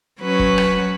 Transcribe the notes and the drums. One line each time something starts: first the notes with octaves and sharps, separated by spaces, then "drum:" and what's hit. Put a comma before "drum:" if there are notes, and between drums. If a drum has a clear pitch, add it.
F#3 C#4 B4
drum: kick
drum: rim click